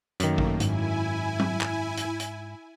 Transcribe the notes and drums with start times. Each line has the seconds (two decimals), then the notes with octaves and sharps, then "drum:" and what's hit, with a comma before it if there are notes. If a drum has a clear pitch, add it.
0.20 F#2 D#3 A3 A#3, drum: hi-hat
0.38 drum: kick G#1
0.60 G#2 E4 G#5, drum: hi-hat
1.39 drum: tom F#3
1.61 drum: clap
1.97 drum: hi-hat
2.20 drum: hi-hat